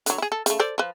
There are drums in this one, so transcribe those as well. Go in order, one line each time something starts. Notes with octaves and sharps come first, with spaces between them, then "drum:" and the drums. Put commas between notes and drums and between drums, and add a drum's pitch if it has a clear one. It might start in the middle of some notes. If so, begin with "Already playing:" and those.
D3 F#3, drum: hi-hat
E4 G#4
A4
C#3 A3, drum: hi-hat
A4 C5 D5
F3 B4